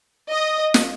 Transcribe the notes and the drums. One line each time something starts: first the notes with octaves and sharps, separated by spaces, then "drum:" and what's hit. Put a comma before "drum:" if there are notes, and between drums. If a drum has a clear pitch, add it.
D#5
drum: snare